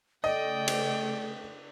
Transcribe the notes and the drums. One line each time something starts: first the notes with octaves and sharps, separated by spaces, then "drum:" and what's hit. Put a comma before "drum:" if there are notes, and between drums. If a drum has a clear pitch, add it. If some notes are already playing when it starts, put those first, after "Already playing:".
C#3 A3 D5 D#5 G5
drum: cymbal